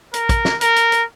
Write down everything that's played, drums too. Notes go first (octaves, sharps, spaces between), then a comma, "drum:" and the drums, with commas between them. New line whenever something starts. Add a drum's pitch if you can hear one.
A#4, drum: hi-hat
drum: kick, hi-hat
drum: snare
A#4, drum: hi-hat
drum: hi-hat
drum: hi-hat